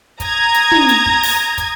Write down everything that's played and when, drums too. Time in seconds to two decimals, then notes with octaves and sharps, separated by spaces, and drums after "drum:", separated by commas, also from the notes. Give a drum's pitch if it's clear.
0.20 A#5 D#6 G#6, drum: kick, hi-hat
0.54 drum: hi-hat
0.72 drum: tom
0.89 drum: hi-hat
1.06 drum: kick
1.23 drum: open hi-hat
1.58 drum: kick, hi-hat